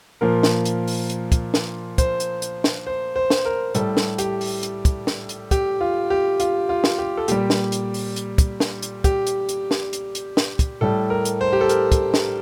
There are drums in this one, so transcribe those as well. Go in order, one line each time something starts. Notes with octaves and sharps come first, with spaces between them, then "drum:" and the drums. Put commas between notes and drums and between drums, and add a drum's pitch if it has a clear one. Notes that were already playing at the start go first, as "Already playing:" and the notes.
A#2 F3 A#4
drum: snare
drum: hi-hat
drum: open hi-hat
drum: hi-hat
drum: kick, hi-hat
drum: snare
C5, drum: kick, hi-hat
drum: hi-hat
drum: hi-hat
drum: snare
C5
C5
drum: snare
A#4
A2 G3 A4, drum: hi-hat
drum: snare
G4, drum: hi-hat
drum: open hi-hat
drum: hi-hat
drum: kick, hi-hat
drum: snare
drum: hi-hat
G4, drum: kick, hi-hat
F4
G4
F4, drum: hi-hat
F4
drum: snare
G4
A4
A#2 G3 G4, drum: hi-hat
drum: snare
drum: hi-hat
drum: open hi-hat
drum: hi-hat
drum: kick, hi-hat
drum: snare
drum: hi-hat
G4, drum: kick, hi-hat
drum: hi-hat
drum: hi-hat
drum: snare
drum: hi-hat
drum: hi-hat
drum: snare
drum: kick, hi-hat
A2 G3 A4
A#4
drum: hi-hat
C5
G4
A4
A#4, drum: hi-hat
drum: kick, hi-hat
drum: snare